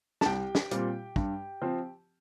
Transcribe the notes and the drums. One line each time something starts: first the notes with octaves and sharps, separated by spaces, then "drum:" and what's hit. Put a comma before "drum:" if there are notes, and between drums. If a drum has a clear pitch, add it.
A5, drum: snare
C2 G4 G5
drum: snare
A#2 G3 C4, drum: hi-hat
G2, drum: kick
F3 C4